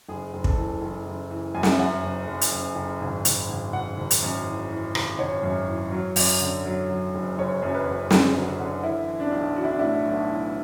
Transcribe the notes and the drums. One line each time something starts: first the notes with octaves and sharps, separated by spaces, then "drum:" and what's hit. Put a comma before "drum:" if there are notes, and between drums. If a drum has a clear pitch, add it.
F#1 G#4
F#1
A4, drum: kick
E3
F#1
F#1
E3
F#2 G#5
F#5, drum: snare
E5
F#2 F#5
F#1
F#1
drum: hi-hat
F#1
F#1
G#1
G#1, drum: hi-hat
G#1
G#1 F#5
G#1
drum: hi-hat
F#2
E3
E3
G#1, drum: rim click
G#1 C#5
F#2
E3
F#3
F#2, drum: open hi-hat
D3
F#3
F#3
F#1
F#1 C#5
F#2
B4
F#2
D3 G#4, drum: snare
F#3
F#4
D3
E3 E4
E3
D4
B1
E3 F#4
E4
D4
A2 E4
B1
E3